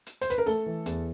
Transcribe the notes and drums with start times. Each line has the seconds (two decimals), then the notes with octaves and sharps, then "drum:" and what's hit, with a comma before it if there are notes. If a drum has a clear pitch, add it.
0.06 drum: hi-hat
0.21 C5, drum: hi-hat
0.30 B4, drum: hi-hat
0.38 A#4
0.46 A3 A4, drum: open hi-hat
0.66 E3
0.86 E2, drum: hi-hat